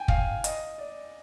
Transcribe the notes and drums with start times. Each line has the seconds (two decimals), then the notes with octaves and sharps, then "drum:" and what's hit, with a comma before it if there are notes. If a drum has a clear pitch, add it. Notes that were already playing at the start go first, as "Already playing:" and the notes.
Already playing: G5 G#5
0.08 F5, drum: kick
0.44 D#5, drum: hi-hat
0.78 D5